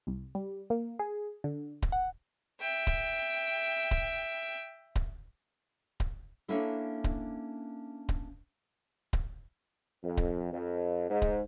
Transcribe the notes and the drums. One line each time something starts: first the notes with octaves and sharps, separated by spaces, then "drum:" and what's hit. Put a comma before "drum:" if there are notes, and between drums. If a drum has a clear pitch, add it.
C2
G3
A#3
G#4
D3
drum: kick D1
F#5
E5 G5
drum: kick D1
drum: kick D1
drum: kick D1
drum: kick D1
A#3 C#4 D4 E4 A4
drum: kick D1
drum: kick D1
drum: kick D1
F2
drum: kick D1
F2
G#2
drum: kick D1